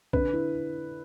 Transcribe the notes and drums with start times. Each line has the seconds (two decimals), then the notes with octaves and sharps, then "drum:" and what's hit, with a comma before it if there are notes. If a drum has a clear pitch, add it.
0.13 D3 B4, drum: kick
0.33 E4